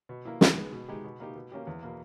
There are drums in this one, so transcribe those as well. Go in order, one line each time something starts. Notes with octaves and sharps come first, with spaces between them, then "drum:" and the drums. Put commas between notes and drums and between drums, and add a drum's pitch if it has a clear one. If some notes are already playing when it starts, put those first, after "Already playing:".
B2
A#3 E4
D#3, drum: snare
G#3 B3
B2
G#3 D#4 G4
B2
A#3 D#4 G4
B2
A#3 C#4 G4
E2
B2 A#3